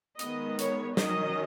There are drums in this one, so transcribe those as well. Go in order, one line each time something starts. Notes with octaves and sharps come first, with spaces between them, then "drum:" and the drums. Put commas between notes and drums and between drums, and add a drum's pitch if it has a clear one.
D#3 G#3 B3 D#5, drum: hi-hat
C#5, drum: hi-hat
D#3 F#3 C#4 D#5, drum: snare